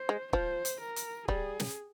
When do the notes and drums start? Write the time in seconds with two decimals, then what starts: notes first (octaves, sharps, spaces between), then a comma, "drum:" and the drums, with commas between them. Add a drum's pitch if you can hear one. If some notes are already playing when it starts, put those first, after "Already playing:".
Already playing: C5
0.09 G#3
0.33 F3 C5, drum: kick
0.65 drum: hi-hat
0.81 A#4
0.96 drum: hi-hat
1.28 G3 G#4, drum: kick
1.60 drum: snare